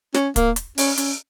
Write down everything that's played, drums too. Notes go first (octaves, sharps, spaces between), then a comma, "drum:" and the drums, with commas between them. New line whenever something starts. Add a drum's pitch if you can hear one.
C#4, drum: snare
A#3, drum: kick, hi-hat
drum: hi-hat
C#4, drum: open hi-hat
C#4, drum: hi-hat